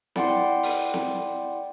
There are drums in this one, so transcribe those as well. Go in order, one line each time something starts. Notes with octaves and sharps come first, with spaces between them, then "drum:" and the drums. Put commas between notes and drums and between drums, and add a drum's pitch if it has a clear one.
E4 D5 F#5 G5 C6, drum: snare
drum: open hi-hat
drum: snare